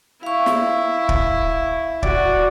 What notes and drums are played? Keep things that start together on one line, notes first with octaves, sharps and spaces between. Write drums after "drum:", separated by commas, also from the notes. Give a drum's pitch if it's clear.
E4 F5 C#6
drum: snare
drum: kick
F#4 D5, drum: kick